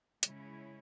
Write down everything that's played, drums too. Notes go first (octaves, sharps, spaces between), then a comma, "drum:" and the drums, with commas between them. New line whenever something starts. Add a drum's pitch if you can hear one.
C#3 G#3 C#4 E4, drum: hi-hat